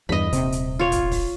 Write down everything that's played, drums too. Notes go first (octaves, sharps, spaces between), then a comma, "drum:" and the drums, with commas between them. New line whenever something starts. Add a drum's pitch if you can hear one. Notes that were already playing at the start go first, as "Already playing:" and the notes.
E2 G2 D#5 B5
D#1 C3, drum: hi-hat
drum: hi-hat
F4 C#5
drum: kick, hi-hat
drum: kick, open hi-hat